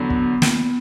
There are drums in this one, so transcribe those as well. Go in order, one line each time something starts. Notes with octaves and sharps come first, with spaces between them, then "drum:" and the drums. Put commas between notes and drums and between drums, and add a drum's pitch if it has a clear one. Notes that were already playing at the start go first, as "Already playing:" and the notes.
Already playing: E2 D3 F#3 B3
drum: kick
drum: snare